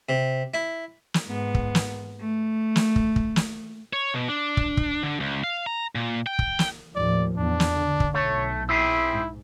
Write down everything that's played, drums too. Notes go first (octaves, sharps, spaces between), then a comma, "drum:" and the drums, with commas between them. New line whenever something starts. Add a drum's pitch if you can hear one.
C3
E4
drum: snare
G#2 B3
drum: kick
drum: snare
A3
drum: snare
drum: kick
drum: kick
drum: snare
C#5
B2
D4
drum: kick
drum: kick
D3
C#2
F5
A#5
A#2
G5
drum: kick
drum: snare
A1 D#2 F3 D5
E2 D4
drum: snare
D3
drum: kick
B1 A3 C#5
C4 E4 G4 G#4
G#2